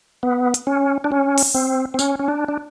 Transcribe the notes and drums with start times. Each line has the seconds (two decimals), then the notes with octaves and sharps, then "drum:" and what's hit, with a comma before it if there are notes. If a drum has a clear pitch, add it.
0.23 B3
0.54 drum: hi-hat
0.67 C#4
1.04 D4
1.12 C#4
1.38 drum: open hi-hat
1.55 C4
1.94 C4
1.99 C#4, drum: tambourine
2.19 C#4
2.28 D4
2.48 D4